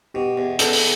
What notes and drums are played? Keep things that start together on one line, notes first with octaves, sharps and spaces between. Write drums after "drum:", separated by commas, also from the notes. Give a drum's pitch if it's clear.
B2 G4
E2
E2 A4, drum: hi-hat
drum: open hi-hat